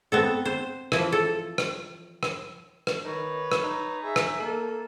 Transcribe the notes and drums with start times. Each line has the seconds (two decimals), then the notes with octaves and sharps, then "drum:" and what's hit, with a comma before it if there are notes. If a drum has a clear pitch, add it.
0.12 B3 C4 A4
0.45 C5
0.92 E3 F3, drum: rim click
1.12 A4
1.58 drum: rim click
2.23 drum: rim click
2.87 drum: rim click
3.05 D#3 B4 C#5
3.52 drum: rim click
3.64 D#4
4.02 G#4 E5
4.16 drum: rim click
4.39 A#3 A4